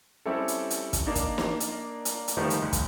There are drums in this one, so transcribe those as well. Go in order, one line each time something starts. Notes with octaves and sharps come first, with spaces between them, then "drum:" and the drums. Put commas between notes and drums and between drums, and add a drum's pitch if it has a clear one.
G3 C4 C#4 E4 G4 A4
drum: hi-hat
drum: hi-hat
drum: kick, hi-hat
A#3 D4 D#5
drum: kick, hi-hat
drum: snare
drum: hi-hat
drum: hi-hat
drum: hi-hat
D#3 F3 G3 A3 B3 D#4
drum: hi-hat
G1 D2
drum: kick, hi-hat